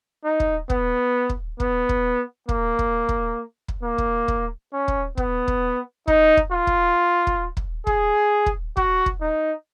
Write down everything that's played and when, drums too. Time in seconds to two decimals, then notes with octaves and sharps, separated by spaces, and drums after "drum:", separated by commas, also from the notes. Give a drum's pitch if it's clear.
0.24 D#4
0.40 drum: kick
0.70 B3, drum: kick
1.29 drum: kick
1.60 B3, drum: kick
1.89 drum: kick
2.49 A#3, drum: kick
2.79 drum: kick
3.09 drum: kick
3.68 drum: kick
3.83 A#3
3.98 drum: kick
4.28 drum: kick
4.73 C#4
4.88 drum: kick
5.17 B3, drum: kick
5.48 drum: kick
6.08 D#4, drum: kick
6.37 drum: kick
6.52 F4
6.67 drum: kick
7.27 drum: kick
7.57 drum: kick
7.87 G#4, drum: kick
8.46 drum: kick
8.77 F#4, drum: kick
9.06 drum: kick
9.21 D#4